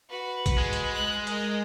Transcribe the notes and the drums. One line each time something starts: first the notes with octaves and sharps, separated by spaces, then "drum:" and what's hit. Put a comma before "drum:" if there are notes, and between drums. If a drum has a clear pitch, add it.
F#4 B4
drum: kick, hi-hat
G#3
drum: hi-hat
F#6
A#4 D#5, drum: hi-hat